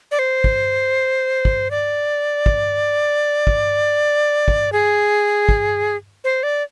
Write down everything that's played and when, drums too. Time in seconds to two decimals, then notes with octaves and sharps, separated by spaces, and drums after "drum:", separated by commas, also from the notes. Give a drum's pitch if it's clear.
0.11 D5
0.19 C5
0.44 drum: kick
1.45 drum: kick
1.71 D5
2.46 drum: kick
3.47 drum: kick
4.48 drum: kick
4.72 G#4
5.49 drum: kick
6.24 C5
6.43 D5